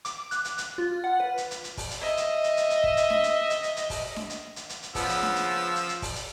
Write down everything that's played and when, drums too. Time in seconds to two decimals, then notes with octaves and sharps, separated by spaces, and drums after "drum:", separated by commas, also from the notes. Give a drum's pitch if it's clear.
0.05 D6, drum: hi-hat
0.31 F#6, drum: hi-hat
0.45 drum: hi-hat
0.58 drum: hi-hat
0.78 F4
1.04 F#5
1.20 B4
1.38 drum: hi-hat
1.51 drum: hi-hat
1.64 drum: hi-hat
1.77 drum: kick, open hi-hat
1.91 drum: hi-hat
2.00 D#5 E5
2.17 drum: hi-hat
2.44 drum: hi-hat
2.57 drum: hi-hat
2.70 drum: hi-hat
2.84 drum: kick
2.97 drum: hi-hat
3.10 drum: snare D4
3.23 drum: hi-hat
3.50 drum: hi-hat
3.63 drum: hi-hat
3.77 drum: hi-hat
3.90 drum: kick, open hi-hat
4.16 drum: snare D4
4.30 drum: hi-hat
4.56 drum: hi-hat
4.69 drum: hi-hat
4.83 drum: hi-hat
4.95 C#3 F3 B3 E6, drum: kick, open hi-hat
5.09 drum: hi-hat
5.23 drum: snare D4
5.36 drum: hi-hat
5.76 drum: hi-hat
5.89 drum: hi-hat
6.02 drum: kick, open hi-hat
6.16 drum: hi-hat